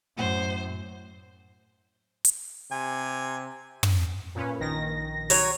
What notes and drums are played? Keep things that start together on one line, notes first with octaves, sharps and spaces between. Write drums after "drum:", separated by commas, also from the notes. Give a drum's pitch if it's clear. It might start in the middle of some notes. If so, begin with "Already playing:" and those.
F#2 A2 C5 F#5
drum: hi-hat
C3 G#5
drum: tom
A#2 C#4 B4
A#1 D#3 A#6
F#3 C#5, drum: open hi-hat